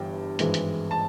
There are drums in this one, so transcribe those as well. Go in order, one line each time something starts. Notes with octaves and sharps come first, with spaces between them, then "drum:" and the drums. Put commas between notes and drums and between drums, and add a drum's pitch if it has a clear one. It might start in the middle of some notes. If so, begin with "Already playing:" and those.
Already playing: G1 G2 E3 G5
G#1 G2 E3 G#3, drum: hi-hat
drum: hi-hat
A5